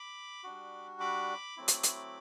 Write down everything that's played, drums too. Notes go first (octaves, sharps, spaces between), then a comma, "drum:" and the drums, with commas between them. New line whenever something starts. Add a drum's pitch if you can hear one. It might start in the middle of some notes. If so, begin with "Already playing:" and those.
Already playing: B5 D6
G3 D4 F#4
B5 D6
F#3 A3 C4 E4
drum: hi-hat
drum: hi-hat